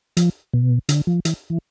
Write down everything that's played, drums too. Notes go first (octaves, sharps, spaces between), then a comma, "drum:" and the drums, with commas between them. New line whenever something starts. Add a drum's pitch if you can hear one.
F3, drum: hi-hat
B2
D3, drum: hi-hat
F3
E3, drum: hi-hat
E3